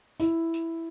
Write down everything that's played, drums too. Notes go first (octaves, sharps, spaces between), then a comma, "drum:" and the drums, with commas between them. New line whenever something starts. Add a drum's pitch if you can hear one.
E4, drum: tambourine
drum: tambourine